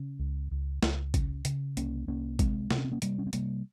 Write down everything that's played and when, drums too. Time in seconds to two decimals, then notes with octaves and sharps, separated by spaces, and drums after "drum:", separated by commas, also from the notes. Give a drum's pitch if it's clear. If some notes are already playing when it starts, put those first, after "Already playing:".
Already playing: C#3
0.19 C#2
0.51 C#2
0.83 C#2, drum: snare
1.14 C#3, drum: kick G#1, hi-hat
1.45 C#3, drum: hi-hat
1.77 C2 A#3 C#4, drum: hi-hat
2.08 C2 A#3 C#4
2.39 C3 G#3 C4, drum: kick G#1, hi-hat
2.71 C3, drum: snare
2.78 C#4
2.84 C4
2.92 A#3 C#4
3.02 C3 G3 A#3, drum: hi-hat
3.18 C#4
3.26 C4
3.33 C3 G3 A#3, drum: hi-hat